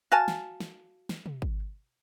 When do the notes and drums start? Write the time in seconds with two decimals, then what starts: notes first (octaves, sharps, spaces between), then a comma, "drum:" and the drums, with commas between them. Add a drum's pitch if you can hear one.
0.12 F#4 F5 G#5 A5
0.28 drum: snare
0.60 drum: snare
1.09 drum: snare
1.26 drum: tom
1.42 drum: kick